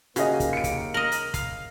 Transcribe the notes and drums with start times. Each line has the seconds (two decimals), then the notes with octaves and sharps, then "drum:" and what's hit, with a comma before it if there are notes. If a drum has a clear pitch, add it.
0.16 D#2 C#3 A#3 F#4 G#4 D#5, drum: hi-hat
0.40 drum: kick, hi-hat
0.53 C#7 D7
0.64 drum: kick, hi-hat
0.94 A#4 D#5 F#7
1.12 drum: hi-hat
1.34 F5 F7, drum: kick, hi-hat